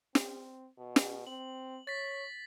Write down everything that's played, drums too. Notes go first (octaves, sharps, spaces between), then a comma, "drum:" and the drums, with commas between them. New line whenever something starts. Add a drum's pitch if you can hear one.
C4, drum: snare
B2
drum: snare
C4 F#7
C#5 A6 B6